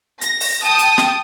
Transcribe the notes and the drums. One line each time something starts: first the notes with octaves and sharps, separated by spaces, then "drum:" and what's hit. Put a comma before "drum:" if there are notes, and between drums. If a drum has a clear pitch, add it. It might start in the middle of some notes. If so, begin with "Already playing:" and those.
A#6, drum: hi-hat
drum: open hi-hat
G5 A5 D#6
drum: hi-hat
drum: snare